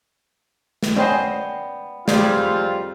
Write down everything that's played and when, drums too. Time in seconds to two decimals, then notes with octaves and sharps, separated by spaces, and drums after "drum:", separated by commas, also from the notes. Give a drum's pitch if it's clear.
0.83 drum: snare
0.96 B3 C#4 C5 D5 D#5 G5
2.08 F2 G3 C4 F4 G4 G#4 D5, drum: snare